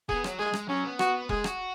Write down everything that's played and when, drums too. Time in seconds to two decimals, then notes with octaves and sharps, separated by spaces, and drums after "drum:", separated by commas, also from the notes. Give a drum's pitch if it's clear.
0.09 B3 G#4, drum: kick E1
0.24 F#3, drum: rim click
0.39 G#3 G#4
0.53 G#3, drum: rim click
0.69 F#3 C#4
0.84 B3
0.99 F#4, drum: rim click
1.29 G#3 G#4, drum: kick E1
1.44 F#4, drum: rim click